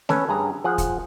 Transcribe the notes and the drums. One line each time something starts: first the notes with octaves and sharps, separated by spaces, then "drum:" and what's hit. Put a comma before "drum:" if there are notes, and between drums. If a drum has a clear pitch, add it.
C#4 A4 B4, drum: snare A3
G2 G#4 A#5
F3 G#4 F#5
drum: kick, hi-hat